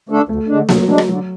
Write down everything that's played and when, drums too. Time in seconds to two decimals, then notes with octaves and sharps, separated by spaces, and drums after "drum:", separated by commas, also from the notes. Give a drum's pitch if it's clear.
0.09 D3 A3 D4 A4
0.29 D2 A3
0.48 D3 G#3 D4
0.69 D2 F#3, drum: snare A#3
0.88 D3 F#3 G#3 D4
0.98 drum: rim click
1.09 D3 F#3